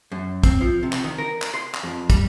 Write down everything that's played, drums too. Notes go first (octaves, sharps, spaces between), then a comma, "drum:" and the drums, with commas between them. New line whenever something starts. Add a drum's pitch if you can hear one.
F#2
C4, drum: kick, hi-hat
F3
C3
drum: clap
D#3
A#4
drum: clap
C6
drum: clap
F2
G3, drum: kick, hi-hat